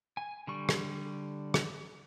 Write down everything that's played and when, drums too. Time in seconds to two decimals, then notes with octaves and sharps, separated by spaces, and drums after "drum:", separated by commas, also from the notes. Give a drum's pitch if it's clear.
0.17 G#5
0.47 D3 G3 C#6
0.69 drum: rim click
1.54 drum: rim click